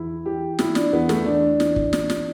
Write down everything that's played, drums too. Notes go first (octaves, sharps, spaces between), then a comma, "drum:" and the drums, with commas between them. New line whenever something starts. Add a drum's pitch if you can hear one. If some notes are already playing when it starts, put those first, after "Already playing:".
Already playing: E2 E4
E3 G4
E3 E4, drum: snare
D4, drum: snare
E2 B3
A3, drum: snare
E2 D4
E3, drum: snare
drum: kick
E3, drum: snare
drum: snare